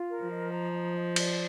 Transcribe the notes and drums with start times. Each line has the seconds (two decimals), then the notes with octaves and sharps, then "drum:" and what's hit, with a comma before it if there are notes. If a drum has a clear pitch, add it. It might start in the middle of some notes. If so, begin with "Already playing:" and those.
Already playing: F4
0.11 A#4
0.21 F3
0.31 D#5
0.53 A#5
0.74 D#5
0.96 D#5
1.16 D5, drum: cymbal